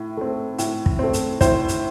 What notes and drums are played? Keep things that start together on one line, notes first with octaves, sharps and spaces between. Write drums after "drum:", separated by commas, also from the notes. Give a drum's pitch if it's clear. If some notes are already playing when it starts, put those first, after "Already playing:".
Already playing: A2
A3 C4
A2, drum: hi-hat
drum: kick
A3 C4
drum: hi-hat
A2 C5, drum: kick, hi-hat
drum: hi-hat